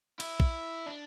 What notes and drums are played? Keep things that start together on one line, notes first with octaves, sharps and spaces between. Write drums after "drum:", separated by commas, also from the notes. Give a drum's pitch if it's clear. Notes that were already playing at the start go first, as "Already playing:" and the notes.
E4, drum: cymbal
drum: kick
D4